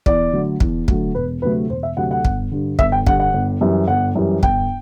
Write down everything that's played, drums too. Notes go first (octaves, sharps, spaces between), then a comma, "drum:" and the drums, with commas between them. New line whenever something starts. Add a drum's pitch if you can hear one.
E2 D5, drum: kick
D3 F#3 A3
E2, drum: kick
D3 F#3 A3, drum: kick
E1 B4
D2 C3 F#3 A3 B4
E1 C5
E5
D2 C3 F#3 A3 F#5
F#5
G1, drum: kick
G2 D3
G1 E5, drum: kick
G5
G2 D3 F#5, drum: kick
F#5
G1
F#2 E3 G3
G1 F#5
F#2 E3 G3
G1 G5, drum: kick